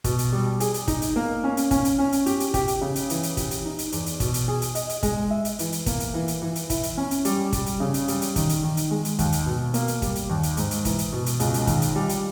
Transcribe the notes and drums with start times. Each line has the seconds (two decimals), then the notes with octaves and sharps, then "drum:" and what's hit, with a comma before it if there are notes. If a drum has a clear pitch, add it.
0.04 B2, drum: kick, hi-hat
0.19 drum: hi-hat
0.32 G3
0.60 G#4, drum: hi-hat
0.74 drum: hi-hat
0.88 D#4, drum: kick, hi-hat
1.02 drum: hi-hat
1.16 A#3
1.44 C#4
1.57 drum: hi-hat
1.71 C#4, drum: kick, hi-hat
1.85 drum: hi-hat
1.99 C#4
2.12 drum: hi-hat
2.26 G4, drum: hi-hat
2.40 drum: hi-hat
2.54 G4, drum: kick, hi-hat
2.68 drum: hi-hat
2.81 C#3
2.95 drum: hi-hat
3.10 E3, drum: hi-hat
3.23 drum: hi-hat
3.37 G4, drum: kick, hi-hat
3.51 drum: hi-hat
3.65 D#4
3.79 drum: hi-hat
3.92 E2, drum: hi-hat
4.06 drum: hi-hat
4.20 B2, drum: kick, hi-hat
4.34 drum: hi-hat
4.48 G#4
4.62 drum: hi-hat
4.75 D#5, drum: hi-hat
4.89 drum: hi-hat
5.03 G#3, drum: kick, hi-hat
5.30 E5
5.45 drum: hi-hat
5.59 E3, drum: hi-hat
5.72 drum: hi-hat
5.86 A#3, drum: kick, hi-hat
6.00 drum: hi-hat
6.14 E3
6.28 drum: hi-hat
6.42 E3
6.55 drum: hi-hat
6.70 E4, drum: kick, hi-hat
6.83 drum: hi-hat
6.97 C#4
7.11 drum: hi-hat
7.25 G3, drum: hi-hat
7.53 G3, drum: kick, hi-hat
7.66 drum: hi-hat
7.80 C#3
7.94 drum: hi-hat
8.08 G3, drum: hi-hat
8.22 drum: hi-hat
8.36 D#3, drum: kick, hi-hat
8.49 drum: hi-hat
8.63 D#3
8.77 drum: hi-hat
8.91 G#3
9.05 drum: hi-hat
9.19 D#2, drum: kick, hi-hat
9.32 drum: hi-hat
9.46 B2
9.74 A#3, drum: hi-hat
9.88 drum: hi-hat
10.02 G3, drum: kick, hi-hat
10.15 drum: hi-hat
10.29 D#2
10.43 drum: hi-hat
10.57 G#2, drum: hi-hat
10.71 drum: hi-hat
10.85 E3, drum: kick, hi-hat
10.99 drum: hi-hat
11.12 B2
11.26 drum: hi-hat
11.40 C#2, drum: hi-hat
11.54 drum: hi-hat
11.67 D#3, drum: kick, hi-hat
11.82 drum: hi-hat
11.95 G3
12.09 drum: hi-hat